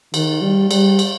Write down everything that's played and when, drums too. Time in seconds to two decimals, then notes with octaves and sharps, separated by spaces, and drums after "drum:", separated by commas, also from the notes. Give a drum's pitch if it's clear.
0.14 D#3, drum: cymbal
0.42 G3
0.71 G3, drum: cymbal
0.99 drum: cymbal